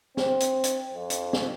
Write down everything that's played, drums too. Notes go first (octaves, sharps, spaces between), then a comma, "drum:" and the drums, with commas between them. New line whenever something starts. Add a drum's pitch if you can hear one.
C4, drum: snare
drum: hi-hat
drum: hi-hat
F2
drum: hi-hat
drum: snare